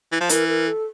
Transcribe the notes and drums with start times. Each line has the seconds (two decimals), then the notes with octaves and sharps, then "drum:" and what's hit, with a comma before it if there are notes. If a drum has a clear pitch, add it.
0.12 E3
0.21 F3
0.29 E3 A#4, drum: hi-hat
0.48 A#4
0.67 A4